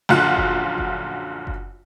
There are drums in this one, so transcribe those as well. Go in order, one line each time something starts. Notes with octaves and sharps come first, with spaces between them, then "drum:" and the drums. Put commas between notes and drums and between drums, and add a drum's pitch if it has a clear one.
A#1 F#2 D3 F4 F#5 F#6
drum: kick F#1
drum: kick F#1
drum: kick F#1